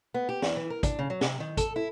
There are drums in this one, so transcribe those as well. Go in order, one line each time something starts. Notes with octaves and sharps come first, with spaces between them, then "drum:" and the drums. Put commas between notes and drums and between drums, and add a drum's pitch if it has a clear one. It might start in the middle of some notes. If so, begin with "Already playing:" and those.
B3
G4
E2, drum: snare
E3
A#4
D4, drum: kick, hi-hat
C#3
F#3
C3, drum: snare
D#3
A4, drum: kick, hi-hat
E4